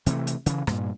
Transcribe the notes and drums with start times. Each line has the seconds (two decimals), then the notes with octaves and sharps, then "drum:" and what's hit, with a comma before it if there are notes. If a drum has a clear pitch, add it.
0.06 C3 E3 F#3 A3, drum: hi-hat
0.27 drum: hi-hat
0.46 C#3 E3, drum: hi-hat
0.67 G2 A#2, drum: rim click